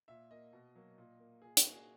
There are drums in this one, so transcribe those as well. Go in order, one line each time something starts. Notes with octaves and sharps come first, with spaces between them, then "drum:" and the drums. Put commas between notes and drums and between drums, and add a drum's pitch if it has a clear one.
A#2 E5
A#3 D#5
B2
F#3 A#3
A#2
A#3
A#2 G#4
F#4, drum: hi-hat
A#3
G#4